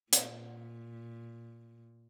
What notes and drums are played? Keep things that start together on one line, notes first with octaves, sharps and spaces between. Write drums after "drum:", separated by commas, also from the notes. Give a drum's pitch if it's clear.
A#2, drum: hi-hat